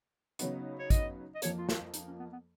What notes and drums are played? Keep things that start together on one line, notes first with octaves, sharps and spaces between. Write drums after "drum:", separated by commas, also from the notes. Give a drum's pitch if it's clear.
C#3 F#3 B3 D#4, drum: hi-hat
C#5
D#5, drum: kick, hi-hat
D#5
F2 F3 A#3 C#5, drum: hi-hat
F4
F#4, drum: snare
D#4, drum: hi-hat
C#4
B3
B3